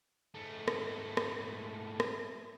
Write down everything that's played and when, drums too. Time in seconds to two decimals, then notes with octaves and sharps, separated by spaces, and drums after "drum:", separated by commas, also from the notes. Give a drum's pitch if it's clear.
0.35 G#2 A3
0.68 drum: rim click
1.17 drum: rim click
2.00 drum: rim click